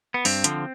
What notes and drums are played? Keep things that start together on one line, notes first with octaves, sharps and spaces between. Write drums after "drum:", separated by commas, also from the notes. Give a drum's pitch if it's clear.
B3
G2 C4, drum: open hi-hat
D3 F3, drum: hi-hat